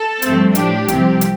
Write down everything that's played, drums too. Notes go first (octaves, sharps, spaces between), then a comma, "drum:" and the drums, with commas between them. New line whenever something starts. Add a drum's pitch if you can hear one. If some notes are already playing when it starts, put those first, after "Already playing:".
Already playing: A4
G2 F3 A3 C4, drum: hi-hat
A2 F3 D4 G4, drum: hi-hat
C2 C3 F3 C4, drum: hi-hat
drum: hi-hat